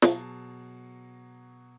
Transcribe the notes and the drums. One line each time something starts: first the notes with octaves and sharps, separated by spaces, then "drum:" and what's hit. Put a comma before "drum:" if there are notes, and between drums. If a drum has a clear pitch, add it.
B2 F#3 G#4 A5, drum: snare